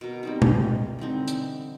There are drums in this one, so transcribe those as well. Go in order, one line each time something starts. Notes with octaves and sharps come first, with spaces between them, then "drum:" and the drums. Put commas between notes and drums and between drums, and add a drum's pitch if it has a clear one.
B2 A#4
G3 C4 D#4
drum: tom B2
D3 E3 C4 D#4
drum: hi-hat